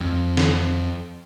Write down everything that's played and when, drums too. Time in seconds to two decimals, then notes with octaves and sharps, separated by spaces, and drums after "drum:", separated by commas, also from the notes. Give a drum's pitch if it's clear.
0.01 F2
0.37 drum: snare